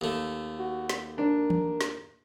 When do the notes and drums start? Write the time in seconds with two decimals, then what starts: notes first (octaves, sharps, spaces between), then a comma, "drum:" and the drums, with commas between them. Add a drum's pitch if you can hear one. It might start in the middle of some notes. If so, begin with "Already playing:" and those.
0.01 D#2 A3
0.59 F#4
0.89 drum: snare
1.18 D4 A#4
1.50 drum: tom
1.81 drum: snare